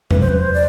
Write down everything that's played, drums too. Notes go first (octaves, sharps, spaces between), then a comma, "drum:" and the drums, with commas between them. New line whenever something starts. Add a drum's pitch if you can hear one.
B4, drum: tom E2
C5
B4
C5
D5